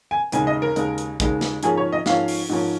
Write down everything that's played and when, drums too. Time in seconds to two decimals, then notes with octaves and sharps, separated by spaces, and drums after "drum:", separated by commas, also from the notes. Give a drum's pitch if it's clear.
0.11 G#5
0.32 D#2 C#3 G#3 D#4 G#5, drum: hi-hat
0.47 D#5
0.62 A#4
0.76 D#2 C#3 G#3 D#4, drum: hi-hat
0.98 drum: hi-hat
1.20 D#2 C#3 G#3 D#4, drum: kick, hi-hat
1.41 drum: snare
1.63 G#2 F3 A#3 C#4 G#4, drum: hi-hat
1.77 C#5
1.92 D#5
2.06 G#2 F3 A#3 C#4 F5, drum: snare
2.28 drum: open hi-hat
2.49 G#2 F3 A#3 C#4